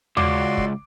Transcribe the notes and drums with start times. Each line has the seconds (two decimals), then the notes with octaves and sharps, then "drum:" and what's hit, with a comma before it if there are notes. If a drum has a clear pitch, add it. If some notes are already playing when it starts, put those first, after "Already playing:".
0.17 C#2 F#4 D5 C6 D6, drum: tom D#2
0.57 drum: kick